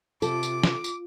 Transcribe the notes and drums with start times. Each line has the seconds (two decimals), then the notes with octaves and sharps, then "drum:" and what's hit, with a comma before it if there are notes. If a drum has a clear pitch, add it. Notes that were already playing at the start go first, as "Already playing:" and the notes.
0.22 C3 F4 A4 D6, drum: tambourine
0.43 drum: tambourine
0.63 drum: snare
0.84 drum: tambourine